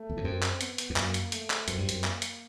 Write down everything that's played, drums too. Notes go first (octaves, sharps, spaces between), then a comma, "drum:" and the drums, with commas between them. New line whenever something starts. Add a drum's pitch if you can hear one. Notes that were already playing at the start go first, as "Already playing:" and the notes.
Already playing: A3
E2
F2
F#2 C4
drum: clap
B3, drum: hi-hat
drum: hi-hat
F2
F#2 A#3, drum: clap
drum: hi-hat
A3, drum: hi-hat
drum: clap
F#2 C4, drum: hi-hat
G2
F#2, drum: hi-hat
A#3, drum: clap
drum: hi-hat